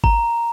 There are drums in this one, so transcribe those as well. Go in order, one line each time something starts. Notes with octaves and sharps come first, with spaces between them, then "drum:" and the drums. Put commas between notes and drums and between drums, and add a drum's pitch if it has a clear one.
A#5, drum: kick G#1